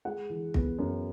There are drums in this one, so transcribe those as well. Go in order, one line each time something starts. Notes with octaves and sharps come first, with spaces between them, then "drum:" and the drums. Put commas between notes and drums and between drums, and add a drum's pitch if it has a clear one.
G#3 F#5
E3
B3, drum: kick
F#2